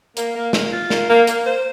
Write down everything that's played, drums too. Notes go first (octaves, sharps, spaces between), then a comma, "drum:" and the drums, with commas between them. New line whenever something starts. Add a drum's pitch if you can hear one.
A#3, drum: hi-hat
A#3
A#3, drum: snare
F4
A#3, drum: snare
A#3
A#3, drum: hi-hat
C5